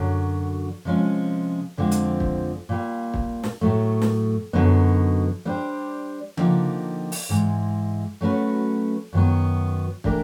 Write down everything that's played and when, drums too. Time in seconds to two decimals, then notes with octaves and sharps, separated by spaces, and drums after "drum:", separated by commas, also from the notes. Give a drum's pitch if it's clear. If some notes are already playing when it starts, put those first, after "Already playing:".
Already playing: F#2 D3 F#3
0.85 C3 F3 G#3 C#4
1.77 F2 D3 F3 G#3 C4
1.92 drum: hi-hat
2.20 drum: kick
2.69 A#2 G3 A#3
3.14 drum: kick
3.44 drum: snare
3.61 A2 F#3 A3
4.02 drum: snare
4.53 F#2 D3 F#3 B3 D#4
5.45 G3 B3 D4 G4 C5
6.37 D3 F3 A#3 D#4 G4, drum: tom C#3
7.12 drum: open hi-hat
7.29 G#2 E3 G#3
8.21 F#3 A3 C#4 F#4 B4
9.13 F#2 D#3 F#3 B3
10.04 E3 A3 D4 G4 A#4, drum: kick